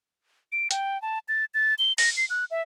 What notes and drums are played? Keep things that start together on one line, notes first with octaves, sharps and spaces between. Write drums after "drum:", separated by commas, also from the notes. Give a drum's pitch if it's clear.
D7
G5, drum: hi-hat
A5
A6
A6
G7
A#6, drum: open hi-hat
C7
F#6
E5